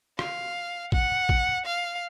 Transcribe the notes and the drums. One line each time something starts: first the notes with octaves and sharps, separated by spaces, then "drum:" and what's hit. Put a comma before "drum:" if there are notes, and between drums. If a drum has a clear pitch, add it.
F5, drum: rim click
F#5, drum: kick
drum: kick
F5